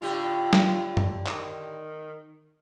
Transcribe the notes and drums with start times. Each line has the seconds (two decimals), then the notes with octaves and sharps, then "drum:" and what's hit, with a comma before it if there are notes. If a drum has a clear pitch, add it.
0.02 A2 D3 F4 G4
0.53 drum: snare
0.97 drum: tom F#2
1.27 D#3, drum: clap